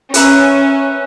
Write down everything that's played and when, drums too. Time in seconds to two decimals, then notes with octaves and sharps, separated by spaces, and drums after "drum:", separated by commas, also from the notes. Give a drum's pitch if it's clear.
0.14 C#4 B4 E5 A#5, drum: hi-hat